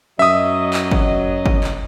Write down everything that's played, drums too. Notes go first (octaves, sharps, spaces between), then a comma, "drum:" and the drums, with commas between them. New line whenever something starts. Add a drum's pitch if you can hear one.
F#2 F#3 D#5 E5 D#6
drum: clap
drum: kick G1
drum: kick G1
drum: clap